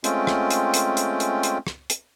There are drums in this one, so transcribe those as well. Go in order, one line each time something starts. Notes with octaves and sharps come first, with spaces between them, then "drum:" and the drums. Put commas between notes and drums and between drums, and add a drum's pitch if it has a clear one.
G#3 A3 C4 C#4 F4 G5, drum: hi-hat
drum: rim click
drum: hi-hat
drum: hi-hat
drum: hi-hat
drum: hi-hat
drum: hi-hat
drum: rim click
drum: hi-hat